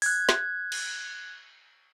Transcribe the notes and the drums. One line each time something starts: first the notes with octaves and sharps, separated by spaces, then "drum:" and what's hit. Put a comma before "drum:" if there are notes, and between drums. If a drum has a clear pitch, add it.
F#6 G#6, drum: open hi-hat
drum: snare
drum: cymbal